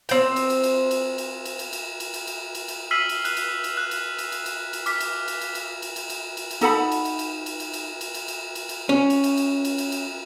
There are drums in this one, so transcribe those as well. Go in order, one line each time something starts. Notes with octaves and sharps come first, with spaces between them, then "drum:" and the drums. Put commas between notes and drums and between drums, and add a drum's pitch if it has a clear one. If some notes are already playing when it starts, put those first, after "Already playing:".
C4 G5, drum: cymbal
drum: cymbal
drum: cymbal
drum: cymbal
drum: cymbal
drum: cymbal
drum: cymbal
drum: cymbal
drum: cymbal
drum: cymbal
drum: cymbal
drum: cymbal
drum: cymbal
drum: cymbal
E6 F6 B6 C7 D#7 F#7
drum: cymbal
F#6 D#7, drum: cymbal
drum: cymbal
drum: cymbal
F#6
drum: cymbal
drum: cymbal
drum: cymbal
drum: cymbal
drum: cymbal
D6 F6 B6, drum: cymbal
drum: cymbal
drum: cymbal
drum: cymbal
drum: cymbal
drum: cymbal
drum: cymbal
drum: cymbal
drum: cymbal
drum: cymbal
D#4 A4 F#5 B5, drum: cymbal
drum: cymbal
drum: cymbal
drum: cymbal
drum: cymbal
drum: cymbal
drum: cymbal
drum: cymbal
drum: cymbal
drum: cymbal
drum: cymbal
drum: cymbal
C#4
drum: cymbal
drum: cymbal
drum: cymbal
drum: cymbal
drum: cymbal
drum: cymbal